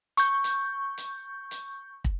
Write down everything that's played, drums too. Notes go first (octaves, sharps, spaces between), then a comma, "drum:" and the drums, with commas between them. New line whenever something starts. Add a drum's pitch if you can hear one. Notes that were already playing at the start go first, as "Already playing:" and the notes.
C#6 G6, drum: hi-hat
drum: hi-hat
drum: hi-hat
drum: hi-hat
drum: kick